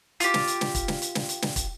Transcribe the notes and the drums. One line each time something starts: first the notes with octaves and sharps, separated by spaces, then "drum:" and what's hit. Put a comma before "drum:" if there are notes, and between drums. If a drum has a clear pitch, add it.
F4 G4, drum: hi-hat
drum: snare
drum: hi-hat
drum: snare
drum: kick, hi-hat
drum: snare
drum: hi-hat
drum: snare
drum: hi-hat
drum: snare
drum: kick, hi-hat